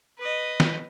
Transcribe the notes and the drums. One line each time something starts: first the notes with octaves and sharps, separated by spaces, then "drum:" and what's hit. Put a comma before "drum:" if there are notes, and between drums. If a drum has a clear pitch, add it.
B4 D#5
drum: snare